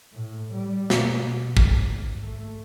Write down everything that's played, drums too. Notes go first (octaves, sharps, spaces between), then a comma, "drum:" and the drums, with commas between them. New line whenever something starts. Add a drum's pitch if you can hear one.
A2
G3
B2, drum: snare
C#2, drum: kick
G#1
A3